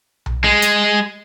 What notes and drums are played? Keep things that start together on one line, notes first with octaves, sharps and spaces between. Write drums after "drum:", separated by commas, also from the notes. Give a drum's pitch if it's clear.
drum: tom B1
G#3
drum: hi-hat